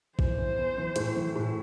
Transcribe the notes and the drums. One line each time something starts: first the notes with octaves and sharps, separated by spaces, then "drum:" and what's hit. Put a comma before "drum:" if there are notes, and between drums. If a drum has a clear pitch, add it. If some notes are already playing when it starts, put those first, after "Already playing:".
E3 C5, drum: kick
E3
B3
E3
A2, drum: hi-hat
E3
A2